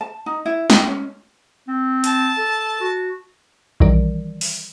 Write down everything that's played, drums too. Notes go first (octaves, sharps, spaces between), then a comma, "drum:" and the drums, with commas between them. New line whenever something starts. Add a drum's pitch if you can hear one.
A5
D#4
E4
G5, drum: snare
C#4
C4
A5, drum: hi-hat
A4
F#4
D#3 E3 G3 A#4 D5, drum: kick A#1
drum: open hi-hat